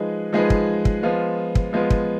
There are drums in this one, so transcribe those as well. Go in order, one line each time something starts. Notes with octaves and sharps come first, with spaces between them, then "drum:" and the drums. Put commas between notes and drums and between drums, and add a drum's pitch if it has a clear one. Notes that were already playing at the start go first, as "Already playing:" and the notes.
Already playing: F3 G#3 D#4 G#4 B4
F3 G#3 D#4 G#4 B4
drum: kick
drum: kick
F3 G#3 B3 F4
drum: kick
F3 G#3 B3 F4
drum: kick